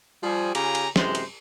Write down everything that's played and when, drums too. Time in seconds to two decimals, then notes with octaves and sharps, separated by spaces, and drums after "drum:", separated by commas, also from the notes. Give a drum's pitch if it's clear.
0.23 F3 G3 G#4
0.55 C#3 C#4 F4 G4 G#5 A#5, drum: cymbal
0.75 drum: cymbal
0.96 F#2 C3 E3 G#3 C5 C6, drum: snare
1.15 drum: cymbal